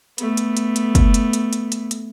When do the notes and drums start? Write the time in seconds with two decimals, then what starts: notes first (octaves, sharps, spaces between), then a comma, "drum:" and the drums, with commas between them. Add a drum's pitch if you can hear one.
0.18 A3 B3, drum: hi-hat
0.37 drum: hi-hat
0.57 drum: hi-hat
0.76 drum: hi-hat
0.95 drum: kick, hi-hat
1.14 drum: hi-hat
1.33 drum: hi-hat
1.53 drum: hi-hat
1.72 drum: hi-hat
1.91 drum: hi-hat